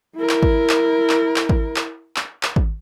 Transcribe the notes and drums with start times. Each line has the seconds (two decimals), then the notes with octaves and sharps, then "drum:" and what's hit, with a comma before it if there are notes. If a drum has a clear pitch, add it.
0.16 E4 A#4
0.29 drum: clap
0.43 drum: kick G#1
0.69 drum: clap
1.09 drum: clap
1.36 drum: clap
1.49 drum: kick G#1
1.76 drum: clap
2.16 drum: clap
2.43 drum: clap
2.56 drum: kick G#1